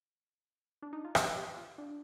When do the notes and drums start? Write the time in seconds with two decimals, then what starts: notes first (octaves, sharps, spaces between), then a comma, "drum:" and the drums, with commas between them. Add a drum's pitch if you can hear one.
0.82 D4
0.93 D#4
1.05 F4
1.15 G4, drum: rim click
1.36 G4
1.57 F4
1.78 D4